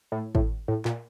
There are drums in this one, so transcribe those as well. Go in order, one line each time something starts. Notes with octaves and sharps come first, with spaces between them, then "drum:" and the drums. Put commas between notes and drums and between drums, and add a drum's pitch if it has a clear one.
A2
A2, drum: kick G#1
A2
A#2, drum: clap